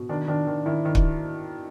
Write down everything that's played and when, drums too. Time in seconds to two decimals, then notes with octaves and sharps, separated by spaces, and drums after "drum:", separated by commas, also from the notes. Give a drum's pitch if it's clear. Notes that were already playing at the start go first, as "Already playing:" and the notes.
Already playing: B2
0.09 D#3 D4
0.28 D#3 D4
0.47 D#3
0.66 D#3 E4
0.85 D#3
0.95 drum: kick